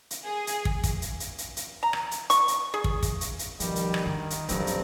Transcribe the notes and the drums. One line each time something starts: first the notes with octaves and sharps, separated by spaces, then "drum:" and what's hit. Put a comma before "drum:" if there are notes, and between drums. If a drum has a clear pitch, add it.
drum: hi-hat
G#4
drum: hi-hat
drum: kick
drum: kick, hi-hat
drum: hi-hat
drum: hi-hat
drum: hi-hat
drum: hi-hat
A#5
drum: rim click
drum: hi-hat
C#6, drum: hi-hat
drum: hi-hat
G#4
drum: kick
drum: kick, hi-hat
drum: hi-hat
drum: hi-hat
B2 D#3 F3 G3, drum: hi-hat
drum: hi-hat
drum: rim click
D#3 D4
drum: hi-hat
B1 G2 E3 F#3 C4 A#4, drum: hi-hat
drum: hi-hat